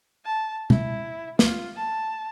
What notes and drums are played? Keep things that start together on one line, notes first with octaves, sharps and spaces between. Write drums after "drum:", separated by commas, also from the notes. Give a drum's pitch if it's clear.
A5
E4, drum: tom
F4, drum: snare
A5